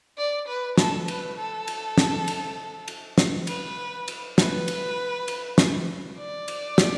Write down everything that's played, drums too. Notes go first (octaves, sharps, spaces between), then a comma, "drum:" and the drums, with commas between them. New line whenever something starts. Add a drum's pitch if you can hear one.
D5
B4
A4, drum: snare
B4, drum: cymbal
A4
drum: cymbal
drum: snare
drum: cymbal
drum: cymbal
drum: snare
B4, drum: cymbal
drum: cymbal
B4, drum: snare
drum: cymbal
drum: cymbal
drum: snare
D5
drum: cymbal
drum: snare